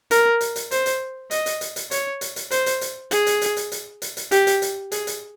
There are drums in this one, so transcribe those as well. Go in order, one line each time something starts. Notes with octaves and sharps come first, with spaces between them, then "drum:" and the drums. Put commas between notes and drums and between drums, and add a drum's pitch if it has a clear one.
A#4, drum: hi-hat
drum: hi-hat
drum: hi-hat
C5, drum: hi-hat
drum: hi-hat
D#5, drum: hi-hat
drum: hi-hat
drum: hi-hat
drum: hi-hat
C#5, drum: hi-hat
drum: hi-hat
drum: hi-hat
C5, drum: hi-hat
drum: hi-hat
drum: hi-hat
G#4, drum: hi-hat
drum: hi-hat
drum: hi-hat
drum: hi-hat
drum: hi-hat
drum: hi-hat
drum: hi-hat
G4, drum: hi-hat
drum: hi-hat
drum: hi-hat
G#4, drum: hi-hat
drum: hi-hat